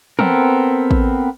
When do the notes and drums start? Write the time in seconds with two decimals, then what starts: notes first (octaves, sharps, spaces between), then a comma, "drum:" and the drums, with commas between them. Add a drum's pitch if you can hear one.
0.19 B3 C4 A4 A#4, drum: tom
0.91 drum: kick A1